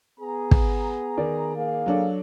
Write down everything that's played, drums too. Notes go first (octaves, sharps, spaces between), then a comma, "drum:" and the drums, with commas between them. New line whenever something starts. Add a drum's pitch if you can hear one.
B3 G#4 A#5
drum: kick
D#3 D5
A#3 G#4 F5
F#3 D4 A4